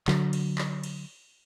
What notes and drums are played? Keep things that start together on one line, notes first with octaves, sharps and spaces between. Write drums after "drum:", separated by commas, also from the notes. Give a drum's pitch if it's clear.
D3 F#3, drum: clap
drum: cymbal
drum: clap
drum: cymbal